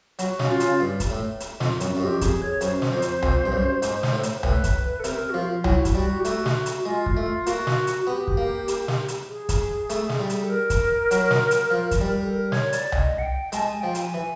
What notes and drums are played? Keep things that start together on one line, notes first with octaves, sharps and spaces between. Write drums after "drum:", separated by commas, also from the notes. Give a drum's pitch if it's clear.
F#3 F#4, drum: hi-hat
C#3, drum: snare
F4
C#3, drum: hi-hat
G2
drum: kick, hi-hat
A2
drum: hi-hat
F2, drum: snare
F#2, drum: hi-hat
F#2
F2 G4
G#4, drum: kick, hi-hat
C#5
F#2 C5, drum: hi-hat
drum: snare
F2
drum: hi-hat
F2, drum: tom C2
G2
F#2
G#2, drum: hi-hat
drum: snare
A2
drum: hi-hat
A2 B4, drum: tom C2
drum: kick, hi-hat
A4
C3 A#4, drum: hi-hat
F#4
F3 F4
F#3 E4, drum: tom C2
drum: kick, hi-hat
G3 F#4
G4
A3 F#4, drum: hi-hat
drum: snare
drum: hi-hat
G#3 F4
drum: kick
A3 F4
A#3 F#4, drum: hi-hat
drum: snare
drum: hi-hat
B3 G4
drum: kick
A#3
drum: hi-hat
drum: snare
drum: hi-hat
G#4
drum: kick, hi-hat
A3, drum: hi-hat
drum: snare
G3
drum: hi-hat
A4
A#4
drum: kick, hi-hat
F#3, drum: hi-hat
drum: snare
drum: hi-hat
F3
drum: kick, hi-hat
G3
A4
A#4
C#5, drum: snare
D5, drum: hi-hat
D#5, drum: tom C2
F#5
G5
G#3 A5, drum: hi-hat
G#5
F3 G5
G#5, drum: hi-hat
E3